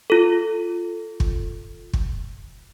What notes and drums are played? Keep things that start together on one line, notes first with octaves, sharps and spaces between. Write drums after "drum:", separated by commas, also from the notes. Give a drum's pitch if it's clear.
F4 A4
drum: kick
drum: kick